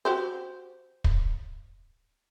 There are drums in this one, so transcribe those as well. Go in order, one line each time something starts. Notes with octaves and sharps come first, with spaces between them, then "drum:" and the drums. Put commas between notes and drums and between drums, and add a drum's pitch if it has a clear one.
F#4 G4 C5
drum: kick